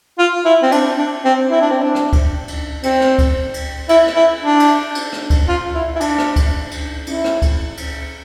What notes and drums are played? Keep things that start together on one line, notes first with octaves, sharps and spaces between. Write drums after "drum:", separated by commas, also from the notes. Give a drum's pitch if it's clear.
F4
E4
C4
D4, drum: cymbal
D4
C4
E4
D4
C4
D4
drum: rim click
drum: kick C#2, cymbal
drum: cymbal
C4, drum: cymbal
drum: rim click
drum: kick C#2, cymbal
drum: cymbal
E4, drum: cymbal
drum: rim click
E4
D4
drum: cymbal
drum: cymbal
drum: rim click
drum: kick C#2, cymbal
F4
E4
E4
D4, drum: cymbal
drum: rim click
drum: kick C#2, cymbal
drum: cymbal
E4, drum: cymbal
drum: rim click
drum: kick C#2, cymbal
drum: cymbal